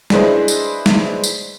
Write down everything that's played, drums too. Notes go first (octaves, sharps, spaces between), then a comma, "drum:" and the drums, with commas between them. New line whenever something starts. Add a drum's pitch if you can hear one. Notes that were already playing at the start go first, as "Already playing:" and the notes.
D4 E4 G#4 B4 C5 D#5, drum: snare
drum: tambourine
drum: snare
drum: tambourine